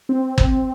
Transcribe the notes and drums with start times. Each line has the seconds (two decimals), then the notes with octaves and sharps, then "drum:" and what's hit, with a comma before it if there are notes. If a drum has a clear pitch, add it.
0.09 C4
0.38 drum: kick